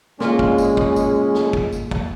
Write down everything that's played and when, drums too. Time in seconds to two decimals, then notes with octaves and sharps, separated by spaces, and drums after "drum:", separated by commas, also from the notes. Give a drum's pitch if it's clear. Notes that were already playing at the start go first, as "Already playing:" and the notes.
0.20 A#2 G#3 C#4 F4, drum: snare
0.39 drum: kick
0.58 drum: tambourine
0.77 drum: kick
0.96 drum: tambourine
1.34 drum: snare
1.53 drum: kick
1.72 drum: tambourine
1.91 drum: kick